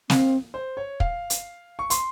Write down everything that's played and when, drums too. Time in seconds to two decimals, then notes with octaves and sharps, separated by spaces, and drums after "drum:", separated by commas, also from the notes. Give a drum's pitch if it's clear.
0.10 C4 F5, drum: snare
0.54 C5
0.77 C#5
1.00 F5, drum: kick
1.30 drum: hi-hat
1.79 C#6
1.90 C6, drum: hi-hat